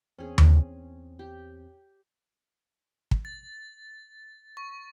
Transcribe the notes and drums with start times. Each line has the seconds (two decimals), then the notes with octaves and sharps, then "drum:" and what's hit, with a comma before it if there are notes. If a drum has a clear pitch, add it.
0.19 E2 C4 C#4 G#4
0.38 drum: tom D#2
1.19 G4
3.11 drum: kick
3.25 A6
4.57 C#6